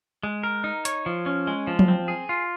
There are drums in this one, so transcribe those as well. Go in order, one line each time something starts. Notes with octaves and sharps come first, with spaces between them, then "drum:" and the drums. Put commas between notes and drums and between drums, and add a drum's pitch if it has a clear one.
G#3
A#4
D#4
C#5, drum: hi-hat
F3
C#4
G#3
F3
drum: tom F3
C4
G#4
F4